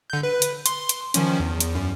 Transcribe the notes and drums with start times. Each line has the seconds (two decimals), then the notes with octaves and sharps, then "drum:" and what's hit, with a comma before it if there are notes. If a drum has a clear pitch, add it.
0.10 D3 G6
0.23 B4
0.42 drum: hi-hat
0.66 C6, drum: hi-hat
0.89 drum: hi-hat
1.14 D#3 F3 C#4, drum: hi-hat
1.40 E2
1.60 drum: hi-hat
1.75 F#2